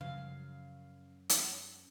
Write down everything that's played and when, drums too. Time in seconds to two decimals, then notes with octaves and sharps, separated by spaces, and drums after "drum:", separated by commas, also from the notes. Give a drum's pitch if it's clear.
0.01 F#2 C#3 F3 F5
1.29 drum: hi-hat